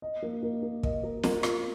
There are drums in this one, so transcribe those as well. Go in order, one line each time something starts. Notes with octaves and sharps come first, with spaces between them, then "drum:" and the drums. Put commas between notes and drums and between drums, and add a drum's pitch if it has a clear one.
D#5
A#3
A#3
A#3
D#5, drum: kick
A#4
A#4, drum: snare
F4, drum: rim click